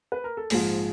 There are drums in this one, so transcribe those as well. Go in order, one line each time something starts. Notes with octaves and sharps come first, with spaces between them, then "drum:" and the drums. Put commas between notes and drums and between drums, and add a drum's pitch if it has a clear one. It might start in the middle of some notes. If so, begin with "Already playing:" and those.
B4
A#4
A4
A#1 G#2 F3 G#4, drum: open hi-hat